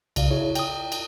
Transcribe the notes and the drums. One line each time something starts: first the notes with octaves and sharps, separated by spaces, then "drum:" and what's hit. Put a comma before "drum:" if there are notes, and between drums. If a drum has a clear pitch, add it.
C2 C#3 F#4 D5 F5, drum: cymbal
E4 G#4 C#5 E5
G5 D#6, drum: cymbal
drum: cymbal